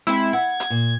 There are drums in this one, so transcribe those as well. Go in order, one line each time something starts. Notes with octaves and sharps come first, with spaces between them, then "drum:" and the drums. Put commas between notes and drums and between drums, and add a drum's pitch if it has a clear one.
G#3 C4 E4, drum: hi-hat
F#5 G#6
drum: hi-hat
A#2